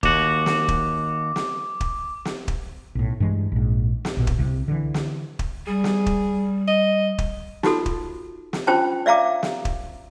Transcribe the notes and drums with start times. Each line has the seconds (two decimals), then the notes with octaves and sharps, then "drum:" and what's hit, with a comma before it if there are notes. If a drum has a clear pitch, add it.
0.03 D#2 F#4 D6, drum: kick
0.46 drum: snare
0.68 drum: kick
1.36 drum: snare
1.81 drum: kick
2.25 drum: snare
2.48 drum: kick
2.95 B1 A2
3.20 G2 E3 G#3
3.52 A#1 G#2
4.05 drum: snare
4.17 A#1 B2
4.27 drum: kick
4.39 C2 C3
4.68 D3 E3
4.94 drum: snare
5.39 drum: kick
5.67 G3 G#4
5.84 drum: snare
6.06 drum: kick
6.67 D#5
7.18 drum: kick
7.63 D#4 F4 F#4 A4, drum: snare
7.86 drum: kick
8.53 drum: snare
8.67 C#4 D4 F4 C5 G5 A5
9.06 D5 E5 F5 A#5 D6
9.43 drum: snare
9.65 drum: kick